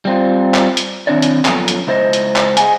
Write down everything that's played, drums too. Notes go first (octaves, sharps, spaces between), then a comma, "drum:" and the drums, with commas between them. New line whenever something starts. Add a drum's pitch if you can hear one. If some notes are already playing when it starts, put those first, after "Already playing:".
G3 C4 F4
drum: clap
drum: hi-hat
D#3 C4 D4 E4 C#5 D5
drum: hi-hat
F#2 F3 B3 C#4 A4 B4, drum: clap
drum: hi-hat
C#2 E4 C5 D#5
drum: hi-hat
drum: clap
G#4 D#5 F#5 G#5, drum: hi-hat